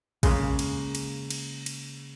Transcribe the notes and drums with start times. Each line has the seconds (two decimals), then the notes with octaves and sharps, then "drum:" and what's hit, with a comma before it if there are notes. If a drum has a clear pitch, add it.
0.23 C#3 G#3 A#3, drum: kick, cymbal
0.59 drum: cymbal
0.95 drum: cymbal
1.30 drum: cymbal
1.66 drum: cymbal